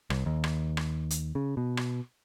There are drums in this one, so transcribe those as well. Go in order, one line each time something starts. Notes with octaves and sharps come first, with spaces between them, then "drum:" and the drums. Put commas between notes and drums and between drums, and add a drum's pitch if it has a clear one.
C2, drum: rim click
D#2
drum: rim click
drum: rim click
drum: hi-hat
C#3
B2
drum: rim click